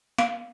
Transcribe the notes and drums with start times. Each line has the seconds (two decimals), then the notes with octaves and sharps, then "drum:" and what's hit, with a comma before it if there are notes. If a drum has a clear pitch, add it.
0.18 F5, drum: snare